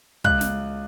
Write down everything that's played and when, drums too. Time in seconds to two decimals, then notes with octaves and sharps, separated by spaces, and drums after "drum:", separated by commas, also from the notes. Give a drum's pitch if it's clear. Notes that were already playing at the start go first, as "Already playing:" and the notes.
0.24 C#2 F#6, drum: kick
0.41 drum: snare